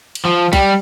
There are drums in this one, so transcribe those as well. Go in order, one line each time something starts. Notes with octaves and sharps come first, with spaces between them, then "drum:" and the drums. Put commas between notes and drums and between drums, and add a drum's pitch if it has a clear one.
drum: cymbal
F3
G3, drum: kick B1, cymbal